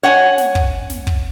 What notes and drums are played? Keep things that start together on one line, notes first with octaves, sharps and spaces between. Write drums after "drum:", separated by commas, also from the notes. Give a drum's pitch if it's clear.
C#5 F#5 G#5
drum: snare
drum: kick
drum: snare
drum: kick